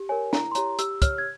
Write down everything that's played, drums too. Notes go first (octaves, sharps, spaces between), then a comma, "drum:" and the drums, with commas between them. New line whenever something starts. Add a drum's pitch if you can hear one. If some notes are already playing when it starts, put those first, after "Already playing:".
Already playing: G4
A#4 C#5 G#5
E4 A#5, drum: snare
C6
G4 C#5 A#5, drum: hi-hat
G4 E6, drum: hi-hat
C#5 F6, drum: kick, hi-hat
G#6